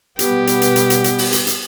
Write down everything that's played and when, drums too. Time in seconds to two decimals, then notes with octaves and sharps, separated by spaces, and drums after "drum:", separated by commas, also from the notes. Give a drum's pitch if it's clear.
0.19 B2 G3 B3 G4, drum: hi-hat
0.47 drum: hi-hat
0.62 drum: hi-hat
0.76 drum: hi-hat
0.90 drum: hi-hat
1.04 drum: hi-hat
1.18 drum: open hi-hat
1.33 drum: hi-hat
1.47 drum: hi-hat